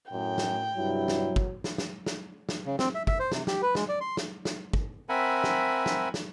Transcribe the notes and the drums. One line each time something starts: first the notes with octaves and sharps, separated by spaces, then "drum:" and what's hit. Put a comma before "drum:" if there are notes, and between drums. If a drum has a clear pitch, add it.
F#2 A2 G5
drum: snare
G2 C3 F#3 E4
drum: snare
drum: kick
drum: snare
drum: snare
drum: snare
drum: snare
C#3
C4, drum: snare
E5
E5, drum: kick
C5
C3, drum: snare
G4, drum: snare
B4
G#3, drum: snare
D5
C6
drum: snare
drum: snare
drum: kick
C4 A#4 E5 F#5 G#5 B5
drum: snare
drum: snare
drum: snare